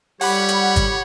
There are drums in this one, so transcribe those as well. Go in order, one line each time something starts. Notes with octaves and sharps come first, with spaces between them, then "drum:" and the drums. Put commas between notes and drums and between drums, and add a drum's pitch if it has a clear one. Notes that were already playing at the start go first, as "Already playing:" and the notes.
G3 G4 C#5 F#5 B5, drum: open hi-hat
drum: hi-hat
drum: kick, hi-hat